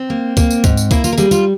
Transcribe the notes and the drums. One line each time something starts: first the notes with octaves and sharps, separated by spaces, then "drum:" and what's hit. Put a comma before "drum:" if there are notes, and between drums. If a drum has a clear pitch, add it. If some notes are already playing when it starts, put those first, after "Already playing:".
Already playing: C4
A#3
A#3, drum: kick C#2, tambourine
drum: tambourine
G#2, drum: kick C#2, tambourine
drum: tambourine
A#3 E4, drum: kick C#2, tambourine
F4, drum: tambourine
A#4
G3 G#4, drum: tambourine
F4, drum: tambourine